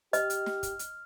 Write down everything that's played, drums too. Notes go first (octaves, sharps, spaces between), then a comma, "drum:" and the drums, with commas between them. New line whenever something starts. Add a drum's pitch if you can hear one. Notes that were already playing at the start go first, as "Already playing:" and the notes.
G4 D#5 F6, drum: hi-hat
drum: hi-hat
drum: snare
drum: kick, hi-hat
drum: hi-hat